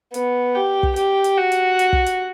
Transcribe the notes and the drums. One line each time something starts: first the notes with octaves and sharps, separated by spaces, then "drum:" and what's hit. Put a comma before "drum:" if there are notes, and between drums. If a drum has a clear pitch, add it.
B3, drum: hi-hat
G4
drum: kick
G4, drum: hi-hat
drum: hi-hat
F#4
drum: hi-hat
drum: hi-hat
drum: kick
drum: hi-hat